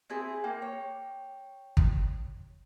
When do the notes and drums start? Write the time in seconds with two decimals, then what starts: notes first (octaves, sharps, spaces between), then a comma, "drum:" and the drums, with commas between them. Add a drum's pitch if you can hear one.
0.10 C4 E4 G#4
0.44 A#3 G5
0.62 C#5
1.77 drum: kick